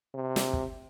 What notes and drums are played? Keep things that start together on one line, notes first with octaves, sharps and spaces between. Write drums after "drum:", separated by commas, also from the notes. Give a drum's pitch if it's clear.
C3
drum: snare
drum: kick